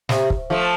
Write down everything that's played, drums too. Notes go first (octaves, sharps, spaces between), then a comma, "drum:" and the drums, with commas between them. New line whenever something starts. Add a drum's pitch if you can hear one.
C3, drum: snare
drum: kick
F3 A3